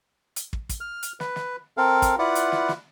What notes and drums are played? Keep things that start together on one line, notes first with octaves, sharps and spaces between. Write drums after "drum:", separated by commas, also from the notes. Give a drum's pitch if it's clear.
drum: hi-hat
drum: kick
drum: kick, hi-hat
F6
drum: hi-hat
B4, drum: snare
drum: snare
C4 A4 A#4 F5
drum: kick, hi-hat
E4 F4 B4 D5 F#5
drum: hi-hat
drum: snare
drum: snare